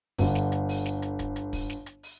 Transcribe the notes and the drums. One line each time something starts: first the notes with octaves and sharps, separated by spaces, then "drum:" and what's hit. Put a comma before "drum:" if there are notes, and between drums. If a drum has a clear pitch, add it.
G1 D3, drum: kick, open hi-hat
drum: snare
drum: hi-hat
drum: open hi-hat
drum: snare
drum: hi-hat
drum: kick, hi-hat
drum: hi-hat
drum: kick, open hi-hat
drum: snare
drum: hi-hat
drum: open hi-hat